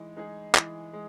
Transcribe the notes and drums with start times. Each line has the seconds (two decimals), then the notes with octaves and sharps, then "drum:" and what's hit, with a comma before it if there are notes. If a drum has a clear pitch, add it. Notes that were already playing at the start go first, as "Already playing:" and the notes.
Already playing: E3 G#3 D#4
0.17 G#3 D#4 G#4
0.55 E3, drum: clap
0.93 G#3